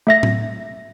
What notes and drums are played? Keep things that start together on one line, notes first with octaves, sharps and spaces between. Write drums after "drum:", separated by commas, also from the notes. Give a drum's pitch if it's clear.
A3 E5 A#6
drum: tom A2